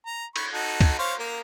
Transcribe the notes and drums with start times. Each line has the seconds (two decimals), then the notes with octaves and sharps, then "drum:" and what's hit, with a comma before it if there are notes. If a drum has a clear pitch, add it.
0.06 A#5
0.36 B5 C#6, drum: cymbal
0.53 D#4 F#4 A4
0.81 drum: kick, cymbal
0.99 C5 C#5 F5
1.19 A#3 A#4